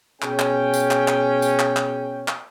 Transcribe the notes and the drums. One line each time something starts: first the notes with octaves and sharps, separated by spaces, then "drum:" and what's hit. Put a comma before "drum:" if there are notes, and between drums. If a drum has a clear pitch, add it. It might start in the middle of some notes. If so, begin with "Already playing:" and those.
B2 C#4 G#4 G5, drum: clap
drum: clap
drum: tambourine
drum: clap
drum: clap
drum: tambourine
drum: clap
drum: clap
drum: clap